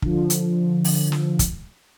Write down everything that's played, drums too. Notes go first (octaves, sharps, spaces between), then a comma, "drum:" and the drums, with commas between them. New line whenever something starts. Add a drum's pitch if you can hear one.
D3 F3, drum: kick
drum: hi-hat
drum: open hi-hat
drum: snare
drum: kick, hi-hat